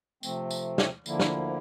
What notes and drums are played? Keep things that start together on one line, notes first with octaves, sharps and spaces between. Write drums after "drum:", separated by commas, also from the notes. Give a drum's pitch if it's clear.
C3 F3 A3 C4, drum: tambourine
drum: tambourine
drum: snare
D2 D3 F3 A#3 E4, drum: tambourine
drum: snare